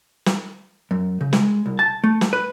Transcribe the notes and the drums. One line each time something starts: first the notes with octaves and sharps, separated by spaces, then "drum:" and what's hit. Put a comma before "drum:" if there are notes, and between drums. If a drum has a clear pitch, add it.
drum: snare
F#2
C#3
G#3, drum: snare
C2
A5
A3
drum: snare
B4